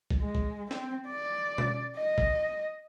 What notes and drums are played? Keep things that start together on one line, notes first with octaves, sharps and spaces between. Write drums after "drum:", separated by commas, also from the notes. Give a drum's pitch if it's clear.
drum: kick
G#3
drum: kick
C4, drum: snare
D5
drum: tom
D#5
drum: kick